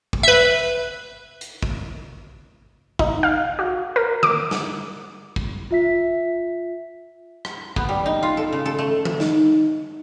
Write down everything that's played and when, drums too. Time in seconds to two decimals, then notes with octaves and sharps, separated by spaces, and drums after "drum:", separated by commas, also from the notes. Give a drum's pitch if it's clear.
0.13 drum: kick
0.23 B4 E5
1.41 drum: hi-hat
1.62 drum: kick
2.99 D#4, drum: kick
3.23 F5
3.59 F#4
3.96 A#4
4.23 D6, drum: tom D3
4.51 drum: snare
5.36 drum: kick
5.71 F4 E5 B6
7.45 drum: rim click
7.76 B3, drum: kick
7.89 G3
8.06 D#4
8.23 F4
8.37 A4
8.52 C#3
8.66 A4
8.79 A3
9.05 drum: tom D3
9.20 D#4, drum: snare